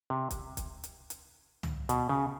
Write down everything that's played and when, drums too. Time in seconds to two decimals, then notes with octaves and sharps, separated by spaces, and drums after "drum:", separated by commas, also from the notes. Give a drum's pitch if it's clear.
0.10 C3
0.31 drum: kick, hi-hat
0.57 drum: kick, hi-hat
0.84 drum: hi-hat
1.10 drum: hi-hat
1.63 drum: tom
1.89 B2, drum: hi-hat
2.09 C#3